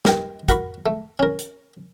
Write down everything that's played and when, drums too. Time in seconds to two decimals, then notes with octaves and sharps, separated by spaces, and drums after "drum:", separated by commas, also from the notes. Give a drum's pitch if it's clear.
0.05 G2 A#4 G5, drum: snare
0.49 F#4 A#4 B5 C#6, drum: kick, hi-hat
0.86 A3
1.19 C#4 A#4
1.39 drum: hi-hat